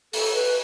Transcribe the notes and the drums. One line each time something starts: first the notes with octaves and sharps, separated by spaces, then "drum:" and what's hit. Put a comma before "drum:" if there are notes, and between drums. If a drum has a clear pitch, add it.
A4, drum: open hi-hat
B4